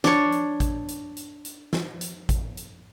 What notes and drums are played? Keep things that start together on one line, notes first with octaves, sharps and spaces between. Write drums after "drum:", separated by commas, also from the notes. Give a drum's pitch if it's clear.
D4 C#5, drum: snare
drum: hi-hat
drum: kick A1, hi-hat
drum: hi-hat
drum: hi-hat
drum: hi-hat
drum: snare
drum: hi-hat
drum: kick A1, hi-hat
drum: hi-hat